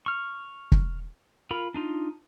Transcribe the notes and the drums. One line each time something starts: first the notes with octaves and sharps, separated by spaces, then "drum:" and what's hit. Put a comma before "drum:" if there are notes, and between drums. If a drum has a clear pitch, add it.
C#6 F6
drum: kick
F4 A#4 B5
D4 D#4 F4